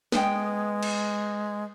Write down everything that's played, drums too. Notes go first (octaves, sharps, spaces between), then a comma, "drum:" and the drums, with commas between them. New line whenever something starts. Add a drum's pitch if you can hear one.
G#3 B3 G5, drum: snare
drum: cymbal